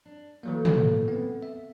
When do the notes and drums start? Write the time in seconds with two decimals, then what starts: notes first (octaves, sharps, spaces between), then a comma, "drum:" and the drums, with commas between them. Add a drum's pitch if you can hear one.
0.05 D4
0.43 E3 F#3 A3 A#3
0.65 drum: tom
1.08 B3 C4
1.43 E5